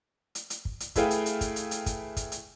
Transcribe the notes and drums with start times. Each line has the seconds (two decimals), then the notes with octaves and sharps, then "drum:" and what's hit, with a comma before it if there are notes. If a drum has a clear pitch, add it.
0.35 drum: hi-hat
0.50 drum: hi-hat
0.65 drum: kick
0.80 drum: hi-hat
0.96 A3 E4 G#4 B4 F5 G5, drum: kick, hi-hat
1.11 drum: hi-hat
1.26 drum: hi-hat
1.41 drum: kick, hi-hat
1.56 drum: hi-hat
1.71 drum: hi-hat
1.86 drum: kick, hi-hat
2.17 drum: kick, hi-hat
2.32 drum: hi-hat